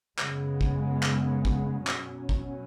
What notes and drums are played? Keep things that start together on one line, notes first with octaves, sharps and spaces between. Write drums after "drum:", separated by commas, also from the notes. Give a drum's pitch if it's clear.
F#2 C#3 G#3 B3, drum: clap
drum: kick
drum: clap
drum: kick
B2 F#3 C#4, drum: clap
drum: kick